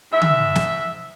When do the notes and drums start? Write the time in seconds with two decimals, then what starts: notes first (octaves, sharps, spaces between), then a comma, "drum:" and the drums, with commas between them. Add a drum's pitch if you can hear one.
0.11 G#2 E5
0.21 drum: tom D3
0.55 drum: snare